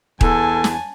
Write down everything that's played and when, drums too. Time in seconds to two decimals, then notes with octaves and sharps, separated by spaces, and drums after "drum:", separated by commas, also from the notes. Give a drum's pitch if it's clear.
0.21 E2 A4 G#5 A5, drum: kick D#1
0.64 drum: snare